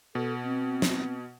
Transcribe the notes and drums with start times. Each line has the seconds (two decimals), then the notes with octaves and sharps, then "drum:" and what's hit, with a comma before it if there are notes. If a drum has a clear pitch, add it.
0.15 B2 A4
0.44 C4
0.82 drum: snare